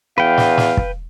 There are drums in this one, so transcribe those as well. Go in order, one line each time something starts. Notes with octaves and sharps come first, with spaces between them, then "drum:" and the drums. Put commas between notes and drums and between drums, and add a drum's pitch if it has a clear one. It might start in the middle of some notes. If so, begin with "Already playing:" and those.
E2 B4 F5 G5
drum: snare
drum: snare
drum: kick